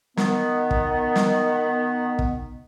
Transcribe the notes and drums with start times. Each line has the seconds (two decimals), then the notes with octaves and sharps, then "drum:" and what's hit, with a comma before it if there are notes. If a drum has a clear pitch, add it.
0.17 D#3 B3, drum: snare
0.71 drum: kick
1.15 drum: snare
2.19 drum: kick